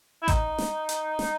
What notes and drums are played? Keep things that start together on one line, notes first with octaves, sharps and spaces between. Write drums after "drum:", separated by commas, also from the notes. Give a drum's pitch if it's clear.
E4
D#4, drum: kick A1, hi-hat
drum: snare
drum: hi-hat
drum: snare